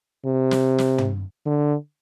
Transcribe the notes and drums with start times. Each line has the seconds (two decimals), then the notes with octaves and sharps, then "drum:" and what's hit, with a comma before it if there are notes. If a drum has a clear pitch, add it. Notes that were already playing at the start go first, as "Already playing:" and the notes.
0.26 C3
0.51 drum: snare
0.78 drum: snare
0.98 drum: tom
1.46 D3